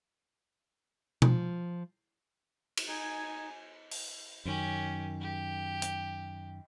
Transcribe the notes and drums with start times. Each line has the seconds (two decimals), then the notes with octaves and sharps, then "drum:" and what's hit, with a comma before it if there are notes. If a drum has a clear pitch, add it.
1.22 F3, drum: tom B2
2.77 drum: cymbal
2.87 D#4 G#5
3.91 drum: open hi-hat
4.45 F#2 D#3 C#4 G4
5.21 G4
5.82 drum: hi-hat